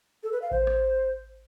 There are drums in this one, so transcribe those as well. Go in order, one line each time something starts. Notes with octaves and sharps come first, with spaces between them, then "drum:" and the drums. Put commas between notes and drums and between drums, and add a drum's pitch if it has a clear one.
A4
B4
F5
C5, drum: kick A1
drum: rim click